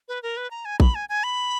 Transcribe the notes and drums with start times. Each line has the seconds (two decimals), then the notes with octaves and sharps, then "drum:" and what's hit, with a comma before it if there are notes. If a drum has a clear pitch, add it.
0.08 B4
0.23 A#4
0.37 B4
0.51 A#5
0.65 G#5
0.80 B5, drum: kick A#1
0.95 G#5
1.09 G#5
1.24 B5